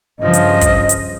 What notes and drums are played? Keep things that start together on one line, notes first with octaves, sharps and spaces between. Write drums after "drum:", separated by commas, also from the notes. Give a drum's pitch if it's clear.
G2 C#3 F3 D#5
drum: hi-hat
drum: kick, hi-hat
drum: hi-hat